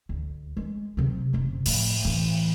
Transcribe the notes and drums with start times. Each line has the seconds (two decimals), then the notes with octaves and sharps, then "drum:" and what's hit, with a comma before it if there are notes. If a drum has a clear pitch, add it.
0.09 D2
0.57 G#3
0.97 C3 F#3
1.33 F#1 C3
1.66 A2 F3, drum: open hi-hat
2.05 A2 E3